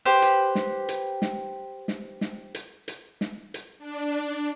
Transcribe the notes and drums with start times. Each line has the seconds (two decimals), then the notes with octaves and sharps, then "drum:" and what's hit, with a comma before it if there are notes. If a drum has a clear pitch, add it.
0.06 G4 B4 C5
0.22 drum: hi-hat
0.55 drum: snare
0.89 drum: hi-hat
1.22 drum: snare
1.88 drum: snare
2.21 drum: snare
2.55 drum: hi-hat
2.88 drum: hi-hat
3.21 drum: snare
3.54 drum: hi-hat
3.79 D4